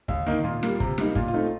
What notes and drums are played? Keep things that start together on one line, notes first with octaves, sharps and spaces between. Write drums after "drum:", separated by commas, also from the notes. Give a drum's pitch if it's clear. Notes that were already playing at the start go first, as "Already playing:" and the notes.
D#2, drum: kick
D#3 A#3 D#4
A#2 F4
G3 A#3, drum: snare
C3, drum: kick
G3 A#3 D#4, drum: snare
A#2 F4, drum: kick
F4
A3 C4 D#4